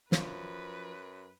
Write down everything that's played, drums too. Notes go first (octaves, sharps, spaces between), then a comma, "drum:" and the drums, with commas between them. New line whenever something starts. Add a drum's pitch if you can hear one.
F#2 F3 B4, drum: snare